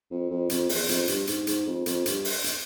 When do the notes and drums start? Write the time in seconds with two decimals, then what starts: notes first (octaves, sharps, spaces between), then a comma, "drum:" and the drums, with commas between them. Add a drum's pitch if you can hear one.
0.11 F2
0.30 F2
0.50 F2, drum: hi-hat
0.69 E2, drum: open hi-hat
0.89 F2, drum: hi-hat
1.08 G2, drum: hi-hat
1.27 G#2, drum: hi-hat
1.47 G#2, drum: hi-hat
1.66 F2
1.86 F2, drum: hi-hat
2.06 G2, drum: hi-hat
2.25 drum: open hi-hat
2.44 drum: hi-hat